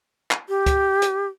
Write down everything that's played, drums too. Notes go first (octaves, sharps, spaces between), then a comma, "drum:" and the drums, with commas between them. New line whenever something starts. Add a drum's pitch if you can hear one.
drum: clap
G4
drum: kick, hi-hat
drum: hi-hat